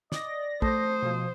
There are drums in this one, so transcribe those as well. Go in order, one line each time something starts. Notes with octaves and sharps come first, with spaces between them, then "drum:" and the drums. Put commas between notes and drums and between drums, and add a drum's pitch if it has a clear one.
D5 D#5 A#6, drum: snare
A3 C5 D#6, drum: kick
B2 F3